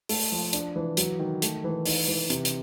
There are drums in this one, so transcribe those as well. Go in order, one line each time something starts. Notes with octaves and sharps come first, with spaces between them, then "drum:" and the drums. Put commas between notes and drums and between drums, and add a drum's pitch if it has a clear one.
A3, drum: open hi-hat
F3
D4, drum: hi-hat
E3
F#3, drum: hi-hat
D#3
A3, drum: hi-hat
E3
D#4, drum: open hi-hat
E3
C3, drum: hi-hat
drum: hi-hat